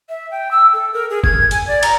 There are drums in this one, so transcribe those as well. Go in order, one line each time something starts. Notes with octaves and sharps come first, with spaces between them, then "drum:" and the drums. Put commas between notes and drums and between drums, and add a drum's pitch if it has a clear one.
E5
G5
E6
A4
A#4
G#4
G#6, drum: kick G1
G#5, drum: hi-hat
D5
A#5, drum: cymbal